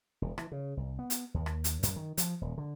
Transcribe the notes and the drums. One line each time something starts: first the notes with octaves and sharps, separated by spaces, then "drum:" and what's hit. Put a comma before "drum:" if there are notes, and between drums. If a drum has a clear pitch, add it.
E1
E3, drum: rim click
C#3
C2
B3
drum: hi-hat
D#2
drum: rim click
drum: hi-hat
F#2, drum: hi-hat
D#3
F3, drum: hi-hat
D#1
D3